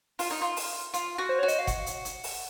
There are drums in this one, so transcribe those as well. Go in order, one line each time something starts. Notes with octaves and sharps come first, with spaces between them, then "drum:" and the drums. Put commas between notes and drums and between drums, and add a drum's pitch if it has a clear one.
F4, drum: open hi-hat
D#4
F4
drum: open hi-hat
F4, drum: hi-hat
F#4
C5
F#4 C#5
D#5, drum: hi-hat
F5
F#5, drum: kick F#1, hi-hat
drum: hi-hat
drum: hi-hat
drum: open hi-hat